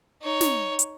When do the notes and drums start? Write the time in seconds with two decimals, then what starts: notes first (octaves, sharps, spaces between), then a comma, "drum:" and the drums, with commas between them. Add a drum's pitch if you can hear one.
0.22 D#4 C#5
0.41 drum: snare
0.79 drum: hi-hat